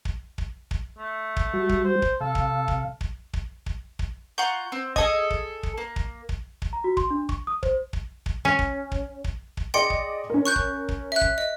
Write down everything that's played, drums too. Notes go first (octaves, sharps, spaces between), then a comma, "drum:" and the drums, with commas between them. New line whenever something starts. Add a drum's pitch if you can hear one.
drum: kick
drum: kick
drum: kick
A3
drum: kick
G3 F#4
drum: kick
C5
drum: kick
C3 A4 F5
drum: kick
drum: kick
drum: kick
drum: kick
drum: kick
drum: kick
F4 F#5 A#5 C#6 G6
C4
G#4 A4 D#5 D#6 G#6, drum: kick
drum: kick
drum: kick
A#3
drum: kick
drum: kick
drum: kick
A#5
F#4
C6, drum: kick
D4
C#6, drum: kick
D#6
C5, drum: kick
drum: kick
drum: kick
C#4
drum: kick
drum: kick
drum: kick
drum: kick
G#4 D5 D#5 G5 C6 C#7
drum: kick
C#4 A#4
C#6 F#6 G6
drum: kick
drum: kick
E5 F#6
drum: kick
D#5